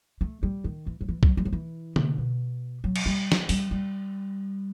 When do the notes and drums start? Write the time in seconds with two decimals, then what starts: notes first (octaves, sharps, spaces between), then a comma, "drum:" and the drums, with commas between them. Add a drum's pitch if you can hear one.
0.21 A3
0.43 G3
0.64 D#3
0.87 E3
1.01 F#3
1.09 E3
1.23 F#3, drum: kick B1
1.37 G3
1.45 F#3
1.53 E3
1.96 C3, drum: tom D3
2.18 B2
2.84 F#3
2.96 drum: cymbal
3.06 G3
3.32 drum: snare
3.49 G3, drum: open hi-hat
3.71 G3